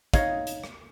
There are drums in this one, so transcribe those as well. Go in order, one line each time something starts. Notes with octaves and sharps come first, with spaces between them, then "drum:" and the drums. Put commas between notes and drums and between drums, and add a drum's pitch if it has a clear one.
D#4 C#5 D#5 F5, drum: kick, hi-hat
drum: hi-hat
drum: rim click